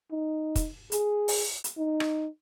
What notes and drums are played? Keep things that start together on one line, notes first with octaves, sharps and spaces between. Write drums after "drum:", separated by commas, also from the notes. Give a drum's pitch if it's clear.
D#4
drum: kick, hi-hat
G#4, drum: hi-hat
drum: open hi-hat
drum: hi-hat
D#4
drum: rim click